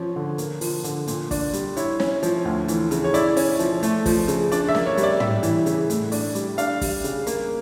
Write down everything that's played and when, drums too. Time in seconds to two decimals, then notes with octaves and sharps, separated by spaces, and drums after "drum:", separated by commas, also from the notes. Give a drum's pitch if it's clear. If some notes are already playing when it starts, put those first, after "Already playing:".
Already playing: F3 C#4
0.16 D3
0.38 A#3, drum: hi-hat
0.61 F3, drum: open hi-hat
0.84 D3, drum: hi-hat
1.08 A#2, drum: hi-hat
1.31 D4, drum: kick, open hi-hat
1.53 G3, drum: hi-hat
1.77 E4 C#5, drum: hi-hat
2.00 C#4, drum: snare
2.23 F3, drum: hi-hat
2.45 D2
2.68 E3, drum: hi-hat
2.91 C#3, drum: hi-hat
3.04 C#5
3.14 E4 D5, drum: hi-hat
3.37 C#4, drum: open hi-hat
3.59 F3, drum: hi-hat
3.83 A3, drum: hi-hat
4.06 F3, drum: kick, open hi-hat
4.28 C#3, drum: hi-hat
4.52 D4 D5, drum: hi-hat
4.69 E5
4.74 A#3, drum: snare
4.86 C#5
4.97 G3, drum: hi-hat
5.03 D5
5.20 G3 E5, drum: tom
5.43 E3, drum: hi-hat
5.66 C#3, drum: hi-hat
5.90 A2, drum: hi-hat
6.12 D4, drum: open hi-hat
6.35 G3, drum: hi-hat
6.58 D4 F5, drum: hi-hat
6.81 G3, drum: kick, open hi-hat
7.04 C#3, drum: hi-hat
7.27 A#3, drum: hi-hat